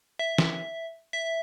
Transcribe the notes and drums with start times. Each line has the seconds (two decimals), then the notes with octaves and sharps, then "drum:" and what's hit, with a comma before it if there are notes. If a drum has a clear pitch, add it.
0.19 E5
0.38 drum: snare
1.13 E5